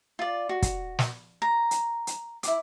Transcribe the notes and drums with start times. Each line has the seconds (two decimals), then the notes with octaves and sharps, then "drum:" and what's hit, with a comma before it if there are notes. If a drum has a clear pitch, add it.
0.19 F4 D5
0.49 F#4
0.62 drum: kick, hi-hat
0.99 drum: snare
1.42 A#5
1.71 drum: hi-hat
2.07 drum: hi-hat
2.43 E4 D6, drum: hi-hat